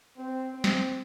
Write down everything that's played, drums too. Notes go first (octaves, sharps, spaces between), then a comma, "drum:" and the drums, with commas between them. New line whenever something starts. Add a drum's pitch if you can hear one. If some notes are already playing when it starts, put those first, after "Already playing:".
C4
C4
drum: snare